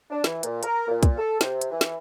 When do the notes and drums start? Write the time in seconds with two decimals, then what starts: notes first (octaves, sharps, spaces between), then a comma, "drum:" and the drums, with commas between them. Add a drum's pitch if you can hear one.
0.10 D4
0.24 E3, drum: snare
0.43 A#2, drum: hi-hat
0.63 A#4, drum: hi-hat
0.87 A#2
1.03 drum: kick, hi-hat
1.17 A4
1.41 C3, drum: snare
1.61 drum: hi-hat
1.71 E3
1.81 drum: snare